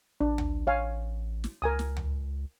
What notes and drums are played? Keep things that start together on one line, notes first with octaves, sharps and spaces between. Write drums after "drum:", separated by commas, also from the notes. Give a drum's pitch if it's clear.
A1 D4
drum: tom D2
C#5 F5 G#5
drum: snare
C#2 A#4 G#5 D#6
drum: snare
drum: tom D2